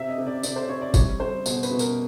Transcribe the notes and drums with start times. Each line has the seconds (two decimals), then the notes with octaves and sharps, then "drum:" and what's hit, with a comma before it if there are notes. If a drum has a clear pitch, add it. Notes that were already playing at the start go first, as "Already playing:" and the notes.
Already playing: C3 E5
0.09 D#5
0.18 C3
0.27 D5
0.43 C3 D5, drum: tambourine
0.56 C5
0.69 C3 C#5
0.82 D5
0.94 G3 C#5, drum: kick G1, tambourine
1.20 G3 C5
1.46 B2 C5, drum: tambourine
1.63 B4, drum: tambourine
1.71 B2
1.79 A#4, drum: tambourine